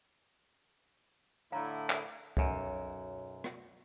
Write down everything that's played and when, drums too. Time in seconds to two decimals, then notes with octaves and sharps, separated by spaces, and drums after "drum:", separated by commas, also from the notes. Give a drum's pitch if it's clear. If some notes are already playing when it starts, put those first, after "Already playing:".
1.52 A2 D3 E4 F5 A#5
1.90 drum: clap
2.37 B1 F#2, drum: kick C#2
3.44 drum: rim click